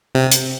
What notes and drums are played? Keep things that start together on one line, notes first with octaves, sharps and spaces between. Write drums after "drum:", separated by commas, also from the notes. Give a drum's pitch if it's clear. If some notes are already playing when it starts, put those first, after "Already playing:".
C3
drum: hi-hat